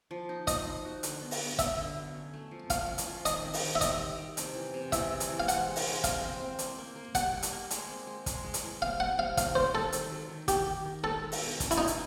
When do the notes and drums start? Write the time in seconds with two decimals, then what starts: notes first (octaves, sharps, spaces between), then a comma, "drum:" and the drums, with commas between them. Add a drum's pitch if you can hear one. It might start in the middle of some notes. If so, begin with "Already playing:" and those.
0.11 F3
0.29 D#4
0.47 F3 D#5, drum: kick, hi-hat
0.67 D#4
0.85 F#4
1.03 D3, drum: hi-hat
1.21 B3
1.31 drum: open hi-hat
1.40 B3
1.58 B3 E5, drum: kick, hi-hat
1.78 D3
1.96 F#3
2.14 C#4
2.34 A3
2.51 F3
2.70 F3 F5, drum: kick, hi-hat
2.88 C#4
2.98 drum: hi-hat
3.07 F3
3.25 D#3 D#5, drum: hi-hat
3.44 C4
3.53 drum: open hi-hat
3.63 D#3
3.75 E5
3.81 G3 D#5, drum: kick, hi-hat
4.00 G3
4.18 G3
4.37 C3, drum: hi-hat
4.55 E3
4.74 C3
4.92 E3 E5, drum: kick, hi-hat
5.10 G#3
5.20 drum: hi-hat
5.30 E3
5.40 F5
5.48 C4 F#5, drum: hi-hat
5.67 G#3
5.76 drum: open hi-hat
5.85 G#3
6.03 C4 F5, drum: kick, hi-hat
6.23 C4
6.41 C4
6.59 A#3, drum: hi-hat
6.78 A#3
6.96 A#3
7.15 G3 F#5, drum: kick, hi-hat
7.33 G3
7.43 drum: hi-hat
7.52 A#3
7.71 G#3, drum: hi-hat
7.89 C4
8.07 G#3
8.26 G#3, drum: kick, hi-hat
8.44 G#3
8.54 drum: hi-hat
8.63 E3
8.82 C3 F5
9.00 C4 F#5
9.18 C3 F5
9.37 D#3 F5, drum: kick, hi-hat
9.55 G#3 C5
9.74 C3 A4
9.92 D#3, drum: hi-hat
10.11 F#3
10.30 D#3
10.48 D#3 G4, drum: kick, hi-hat
10.66 D#3
10.85 D#3
11.04 G#3 A4
11.23 G#3
11.32 drum: open hi-hat
11.41 B2
11.60 C#4, drum: kick, hi-hat
11.71 E4, drum: hi-hat
11.78 D#4 F#4
11.87 drum: hi-hat